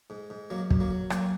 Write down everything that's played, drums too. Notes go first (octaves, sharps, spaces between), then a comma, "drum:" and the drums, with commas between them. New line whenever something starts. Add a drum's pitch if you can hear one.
G#2
G#2
F#2 F#3 A#3
F#2, drum: kick
F#3 A#3
F#3
F#3 A#3, drum: rim click